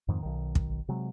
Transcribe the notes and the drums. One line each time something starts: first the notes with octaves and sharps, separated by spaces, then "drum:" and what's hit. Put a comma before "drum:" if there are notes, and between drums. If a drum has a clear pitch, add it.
F2 G#2 D#3 C4
B1 D#3
drum: kick
C3 F#3 G#3